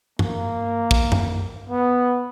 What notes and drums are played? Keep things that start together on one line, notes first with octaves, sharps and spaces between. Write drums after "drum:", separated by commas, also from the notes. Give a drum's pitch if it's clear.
A#3, drum: tom G2
drum: kick
drum: tom F#2
B3